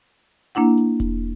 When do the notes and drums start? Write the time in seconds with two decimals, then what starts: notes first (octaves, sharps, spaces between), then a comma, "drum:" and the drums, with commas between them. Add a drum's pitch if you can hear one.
0.55 A#3 D4 E4 F#5, drum: hi-hat
0.77 drum: hi-hat
1.00 drum: kick E1, hi-hat